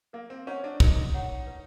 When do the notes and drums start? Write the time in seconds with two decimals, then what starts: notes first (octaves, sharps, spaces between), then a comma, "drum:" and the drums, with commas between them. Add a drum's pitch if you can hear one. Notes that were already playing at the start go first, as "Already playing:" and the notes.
0.13 A#3 A#4
0.30 C4
0.47 C#4 C#5 F#5 A#5 C#6
0.64 D4
0.80 D#4 A#4, drum: kick
1.14 C#5 F#5 A#5 C#6
1.47 B4